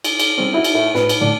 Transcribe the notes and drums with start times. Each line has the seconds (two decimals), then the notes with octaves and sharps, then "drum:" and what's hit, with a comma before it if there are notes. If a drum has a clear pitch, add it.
0.04 drum: cymbal
0.19 drum: cymbal
0.38 G3 C4 C#4
0.53 D#4 E4 F#4
0.64 drum: cymbal
0.74 A2
0.94 A2 B4, drum: snare
1.09 drum: cymbal
1.21 A2 D3 F#3 D4